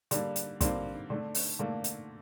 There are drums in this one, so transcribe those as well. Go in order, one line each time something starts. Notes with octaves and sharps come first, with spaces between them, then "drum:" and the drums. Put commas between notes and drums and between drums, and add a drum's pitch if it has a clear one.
D3 G3 A#3, drum: hi-hat
drum: hi-hat
D3 G3 A#3 C4, drum: kick, hi-hat
D3 A3
drum: open hi-hat
D3 A3 A#3
drum: hi-hat